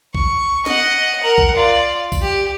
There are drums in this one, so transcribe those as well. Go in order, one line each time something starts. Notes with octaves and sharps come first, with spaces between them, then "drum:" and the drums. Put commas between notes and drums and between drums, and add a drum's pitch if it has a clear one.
C#6, drum: kick B1
D#5 F#5, drum: snare
A#4 F#5
drum: kick B1
F4 D5
drum: kick B1, tambourine
G4